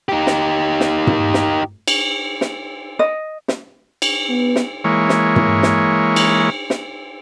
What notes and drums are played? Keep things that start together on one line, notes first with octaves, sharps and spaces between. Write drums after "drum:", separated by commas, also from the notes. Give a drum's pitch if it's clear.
D#4 G4
drum: snare
drum: snare
drum: tom
drum: snare
drum: cymbal
drum: snare
D#5
drum: snare
drum: cymbal
B3
drum: snare
E3 G#3 A#3 C#5
drum: snare
drum: tom
drum: snare
drum: cymbal
drum: snare